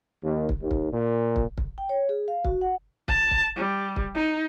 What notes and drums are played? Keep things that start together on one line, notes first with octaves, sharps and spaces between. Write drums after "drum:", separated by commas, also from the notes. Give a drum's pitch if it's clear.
D#2
drum: kick
D#2
drum: kick
A#2
drum: kick
drum: kick
G5
C#5
G#4
F5
F#4, drum: kick
F#5
A5, drum: kick
drum: kick
G3
drum: kick
D#4